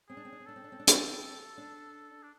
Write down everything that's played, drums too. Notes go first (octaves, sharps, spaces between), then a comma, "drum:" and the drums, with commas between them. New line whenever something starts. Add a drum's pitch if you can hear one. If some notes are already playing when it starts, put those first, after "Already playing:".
C4 G#4
D4
C4
D4
C4
D4 A4
C4
D4
C4
D4
C4, drum: hi-hat
D4
D4